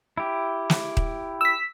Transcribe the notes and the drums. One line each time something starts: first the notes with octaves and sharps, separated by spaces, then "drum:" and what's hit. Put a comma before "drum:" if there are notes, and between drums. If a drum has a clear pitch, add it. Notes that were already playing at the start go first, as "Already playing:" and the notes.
E4 G4
drum: snare
drum: kick D#1
E6 B6